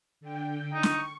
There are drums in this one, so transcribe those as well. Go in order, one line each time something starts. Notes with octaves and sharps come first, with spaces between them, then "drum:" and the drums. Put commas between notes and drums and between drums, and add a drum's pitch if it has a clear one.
D3 G5
D#4 C#6
drum: snare